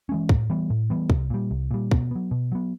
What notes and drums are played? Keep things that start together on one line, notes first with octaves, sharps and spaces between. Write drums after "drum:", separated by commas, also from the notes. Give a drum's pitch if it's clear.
E3 G#3 C#4
A2, drum: kick
E3 G3 B3
A2
E3 G3 B3
C2, drum: kick
A#2 G3
C2
A#2 G3
B2, drum: kick
F#3 B3
B2
F#3 B3